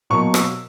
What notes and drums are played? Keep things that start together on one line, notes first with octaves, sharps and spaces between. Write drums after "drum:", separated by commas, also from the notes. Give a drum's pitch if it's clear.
B2 F#3 A#3 C#6
E6, drum: rim click